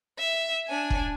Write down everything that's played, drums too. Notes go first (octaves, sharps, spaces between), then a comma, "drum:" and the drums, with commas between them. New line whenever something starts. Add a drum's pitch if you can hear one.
E5
D4 G#5
drum: kick